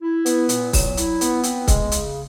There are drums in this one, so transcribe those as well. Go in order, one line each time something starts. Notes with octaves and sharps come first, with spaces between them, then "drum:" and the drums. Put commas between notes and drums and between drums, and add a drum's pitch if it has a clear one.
E4
B3, drum: hi-hat
A#2, drum: hi-hat
F#3, drum: kick C#1, open hi-hat
E4, drum: hi-hat
B3, drum: hi-hat
C4, drum: hi-hat
G#3, drum: kick C#1, hi-hat
C#3, drum: hi-hat